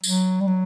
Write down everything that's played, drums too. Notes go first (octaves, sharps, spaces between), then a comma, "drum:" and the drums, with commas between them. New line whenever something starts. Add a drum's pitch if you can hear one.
F#3, drum: tambourine
G3
F#3